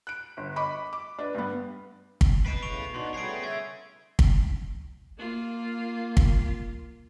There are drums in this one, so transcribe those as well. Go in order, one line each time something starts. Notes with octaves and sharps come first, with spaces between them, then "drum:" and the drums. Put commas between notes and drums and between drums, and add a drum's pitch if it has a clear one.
F#6 D7
G1
D#5 B5 C#6 D6
D6
D4 B4
G2 B3
drum: kick
B2 B4 C7 D7 E7
A2 C#3 C#6 D7 F7
B2 D4 D#4 F#4 C6
A2 G3 B3 G#4 C#5 C7 D7
E5 G#6
drum: kick
A#3 F4
drum: kick